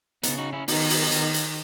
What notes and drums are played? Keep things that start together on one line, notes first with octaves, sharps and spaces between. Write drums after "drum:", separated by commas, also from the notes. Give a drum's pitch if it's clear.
C#3 B3 D#4, drum: hi-hat
D#4 F#4
C#4 E4
D#3 B3 D#4, drum: open hi-hat
drum: open hi-hat
D#3, drum: hi-hat
drum: hi-hat